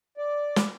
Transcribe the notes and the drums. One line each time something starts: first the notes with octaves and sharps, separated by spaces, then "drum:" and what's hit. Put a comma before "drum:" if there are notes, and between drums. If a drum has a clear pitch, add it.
D5
drum: snare